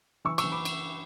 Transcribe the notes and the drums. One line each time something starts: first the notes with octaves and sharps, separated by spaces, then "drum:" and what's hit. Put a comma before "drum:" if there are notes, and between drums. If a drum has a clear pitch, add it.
E3 C#6 E6
C#6 E6, drum: cymbal
E3
B5 D6
drum: cymbal